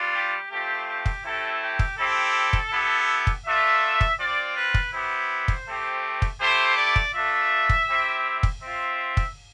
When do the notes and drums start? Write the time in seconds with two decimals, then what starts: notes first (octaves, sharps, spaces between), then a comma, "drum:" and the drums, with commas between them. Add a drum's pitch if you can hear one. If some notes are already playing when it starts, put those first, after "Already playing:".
Already playing: G3 D4 F4
0.13 G4
0.50 A3 C4 F4 G4
0.87 G4
1.06 drum: kick
1.24 A3 C4 E4 G4 A4
1.61 G4
1.79 drum: kick
1.97 C4 E4 G4 A4
2.53 drum: kick
2.72 B3 E4 G4
3.27 drum: kick
3.45 A3 D4 F4 E5
4.01 drum: kick
4.19 C4 F4 D5
4.56 B4
4.74 drum: kick
4.93 B3 E4 G4 C5
5.48 drum: kick
5.67 A3 C4 G4
6.22 drum: kick
6.40 A3 E4 G4 C5
6.77 D5
6.96 drum: kick
7.14 A3 D4 F4 E5
7.69 drum: kick
7.88 C4 E4 G4
8.43 drum: kick
8.61 C4 F4 E5
9.17 drum: kick